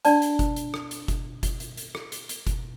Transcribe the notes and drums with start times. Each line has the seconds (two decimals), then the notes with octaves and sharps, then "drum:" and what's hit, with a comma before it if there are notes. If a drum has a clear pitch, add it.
0.05 D4 D5 A5, drum: hi-hat
0.22 drum: hi-hat
0.39 drum: kick F#1, hi-hat
0.56 drum: hi-hat
0.74 drum: rim click
0.91 drum: hi-hat
1.08 drum: kick F#1, hi-hat
1.43 drum: kick F#1, hi-hat
1.60 drum: hi-hat
1.77 drum: hi-hat
1.95 drum: rim click
2.12 drum: hi-hat
2.29 drum: hi-hat
2.47 drum: kick F#1, hi-hat